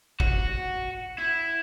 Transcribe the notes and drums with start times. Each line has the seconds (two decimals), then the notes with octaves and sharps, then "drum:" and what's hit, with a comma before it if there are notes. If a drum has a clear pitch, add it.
0.20 F#4, drum: kick G#1
1.18 E4